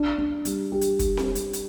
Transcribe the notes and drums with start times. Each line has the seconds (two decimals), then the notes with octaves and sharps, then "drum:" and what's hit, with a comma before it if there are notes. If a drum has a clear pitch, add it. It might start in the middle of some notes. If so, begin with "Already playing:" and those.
Already playing: D4
0.18 D4
0.45 G3, drum: hi-hat
0.72 G4
0.81 drum: hi-hat
0.99 drum: kick, hi-hat
1.17 drum: snare C4
1.35 drum: hi-hat
1.53 drum: hi-hat